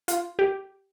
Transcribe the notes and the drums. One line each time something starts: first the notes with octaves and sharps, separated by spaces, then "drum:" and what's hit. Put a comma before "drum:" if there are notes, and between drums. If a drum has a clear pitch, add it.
F4, drum: hi-hat
G4